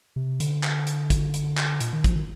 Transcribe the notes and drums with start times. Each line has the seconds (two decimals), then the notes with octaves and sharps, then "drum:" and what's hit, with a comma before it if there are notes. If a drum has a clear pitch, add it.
0.16 C3
0.40 D3, drum: hi-hat
0.63 drum: clap
0.87 drum: hi-hat
1.10 drum: kick, hi-hat
1.34 drum: hi-hat
1.57 drum: clap
1.80 A#2, drum: hi-hat
1.93 D#3
2.04 F3, drum: kick, hi-hat
2.16 D#3